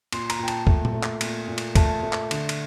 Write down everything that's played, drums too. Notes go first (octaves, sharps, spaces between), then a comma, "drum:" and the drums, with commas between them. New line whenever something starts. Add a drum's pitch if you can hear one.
A#2 C6, drum: cymbal
A#5, drum: cymbal
A#2 G5
A5, drum: cymbal
A3, drum: kick
drum: tom A#2
A3
drum: clap
A#2, drum: cymbal
A#2
drum: cymbal
A3 A5, drum: kick, cymbal
A3
drum: clap
D3, drum: cymbal
drum: cymbal